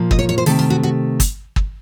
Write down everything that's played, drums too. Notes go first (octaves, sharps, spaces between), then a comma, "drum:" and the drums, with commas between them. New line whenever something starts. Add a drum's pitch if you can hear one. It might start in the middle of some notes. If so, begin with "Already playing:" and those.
Already playing: A#2 F3 A#3
D#5, drum: kick
C#5
C#5
C5
C3 D#3 A3 A4, drum: open hi-hat
F4
F#4
F#4
drum: kick, hi-hat
drum: kick